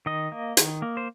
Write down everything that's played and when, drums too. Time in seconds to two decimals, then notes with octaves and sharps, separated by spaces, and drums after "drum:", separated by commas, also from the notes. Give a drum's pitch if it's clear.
0.06 D#3 D#5
0.32 A#3
0.57 D#3, drum: hi-hat
0.82 A#3
0.97 C5